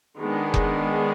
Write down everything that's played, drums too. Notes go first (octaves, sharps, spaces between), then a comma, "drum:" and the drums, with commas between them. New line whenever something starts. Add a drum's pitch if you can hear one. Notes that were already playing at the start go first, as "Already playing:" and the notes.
D#3 G#3 B3 D4 G#4
drum: kick F1